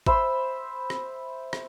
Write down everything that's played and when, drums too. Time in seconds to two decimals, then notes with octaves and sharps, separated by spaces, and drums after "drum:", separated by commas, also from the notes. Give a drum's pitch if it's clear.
0.06 C5 E5 B5 C6, drum: kick G#1
0.90 drum: rim click
1.53 drum: rim click